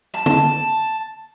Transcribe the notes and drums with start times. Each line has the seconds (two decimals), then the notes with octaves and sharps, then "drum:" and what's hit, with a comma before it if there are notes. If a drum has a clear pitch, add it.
0.15 A5
0.26 drum: tom